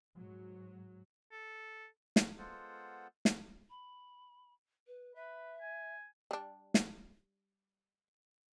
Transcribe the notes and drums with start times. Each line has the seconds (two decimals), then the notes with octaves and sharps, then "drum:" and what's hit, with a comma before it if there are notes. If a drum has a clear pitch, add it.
0.16 G#2 F#3
1.32 A4
2.16 drum: snare
2.38 G#3 B3 F4 A4 C5 F#5
3.25 drum: snare
3.70 B5
4.87 B4
5.15 B4 E5
5.61 G#5
6.31 G3 D4
6.74 drum: snare